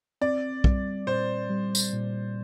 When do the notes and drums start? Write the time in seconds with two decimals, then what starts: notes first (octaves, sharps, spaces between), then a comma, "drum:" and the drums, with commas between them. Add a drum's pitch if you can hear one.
0.21 C4 D5
0.64 G3, drum: kick
1.07 A#2 C5
1.50 G3
1.75 drum: tambourine
1.93 A#2